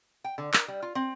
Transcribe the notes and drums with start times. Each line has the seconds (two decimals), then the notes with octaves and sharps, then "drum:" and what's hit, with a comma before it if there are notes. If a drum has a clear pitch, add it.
0.24 G5
0.38 D3
0.54 A#4, drum: clap
0.68 G3
0.82 F4
0.95 C4